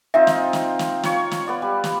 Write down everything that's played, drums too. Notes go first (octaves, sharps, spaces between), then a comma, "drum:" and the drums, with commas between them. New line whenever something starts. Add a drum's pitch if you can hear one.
C4 D#4 F4 E5
drum: snare
drum: snare
drum: snare
F4 C#5, drum: snare
drum: snare
B3 D5
G3
drum: snare